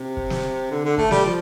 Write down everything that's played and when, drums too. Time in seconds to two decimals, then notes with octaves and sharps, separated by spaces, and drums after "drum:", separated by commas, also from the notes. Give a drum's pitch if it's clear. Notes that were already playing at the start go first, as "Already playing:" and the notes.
Already playing: C3
0.17 drum: kick
0.30 drum: snare
0.71 D3
0.85 D3
0.97 A3, drum: kick
1.11 G3, drum: snare
1.25 F3